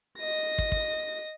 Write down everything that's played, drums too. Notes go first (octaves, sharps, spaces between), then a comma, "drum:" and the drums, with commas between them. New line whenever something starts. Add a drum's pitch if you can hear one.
D#5 A#6
drum: kick
drum: kick